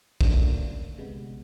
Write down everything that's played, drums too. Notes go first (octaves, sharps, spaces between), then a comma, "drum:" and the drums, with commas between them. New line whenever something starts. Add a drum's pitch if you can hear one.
D3 F#3 A3 A#3 C#4 D4, drum: kick
C3 G#3 B3